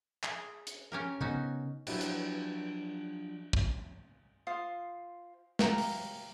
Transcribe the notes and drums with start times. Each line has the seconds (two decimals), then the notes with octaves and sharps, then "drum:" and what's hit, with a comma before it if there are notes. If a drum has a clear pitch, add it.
0.23 G#4, drum: clap
0.67 drum: hi-hat
0.92 C#4 G4 A#4
1.21 C#3 B3 C#4 D#4 F#4
1.87 F3 F#3 D4 E4 F#4 G4, drum: cymbal
2.01 drum: hi-hat
3.53 drum: kick
4.47 F4 C5 D#6
5.59 G4 F5 A#5, drum: snare
5.78 drum: open hi-hat